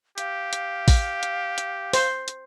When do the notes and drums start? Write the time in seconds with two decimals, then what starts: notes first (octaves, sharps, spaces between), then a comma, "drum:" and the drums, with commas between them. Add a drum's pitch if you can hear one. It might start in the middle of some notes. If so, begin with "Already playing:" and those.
0.18 G4 F5, drum: hi-hat
0.53 drum: hi-hat
0.88 drum: kick A1, open hi-hat
1.23 drum: hi-hat
1.58 drum: hi-hat
1.93 C5, drum: open hi-hat
2.28 drum: hi-hat